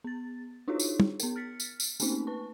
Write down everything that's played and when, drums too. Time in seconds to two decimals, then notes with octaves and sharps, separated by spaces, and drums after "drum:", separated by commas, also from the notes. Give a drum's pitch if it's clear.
0.04 B3 A6
0.68 D4 D#4 F4 F#4 G#4 C#5
0.80 drum: tambourine
1.00 drum: tom
1.20 B3 A#4, drum: tambourine
1.36 F6 A6 B6 C#7
1.60 drum: tambourine
1.80 drum: tambourine
2.00 A3 A#3 C4 C#4 D#4, drum: tambourine
2.27 B4 A5 C#6